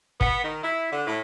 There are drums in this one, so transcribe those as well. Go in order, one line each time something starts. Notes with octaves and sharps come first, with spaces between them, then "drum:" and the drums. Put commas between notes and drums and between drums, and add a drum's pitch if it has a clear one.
B3, drum: kick
D#3
E4
D3
A2